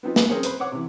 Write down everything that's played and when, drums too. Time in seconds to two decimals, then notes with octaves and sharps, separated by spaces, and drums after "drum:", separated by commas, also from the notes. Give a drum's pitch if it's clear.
0.03 B3 C4 D#4 F4 B4
0.16 G#3, drum: snare
0.29 C4 C#4 G#4 A#4 C5 C#5
0.43 B4 C5 B5, drum: hi-hat
0.59 C5 C#5 F#5 D6
0.72 C3 E3